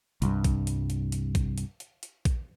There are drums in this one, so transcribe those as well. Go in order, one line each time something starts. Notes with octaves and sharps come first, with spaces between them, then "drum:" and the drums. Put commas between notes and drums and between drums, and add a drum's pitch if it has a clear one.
C2 G2, drum: hi-hat
drum: kick A#1, hi-hat
drum: hi-hat
drum: hi-hat
drum: hi-hat
drum: kick A#1, hi-hat
drum: hi-hat
drum: hi-hat
drum: hi-hat
drum: kick A#1, hi-hat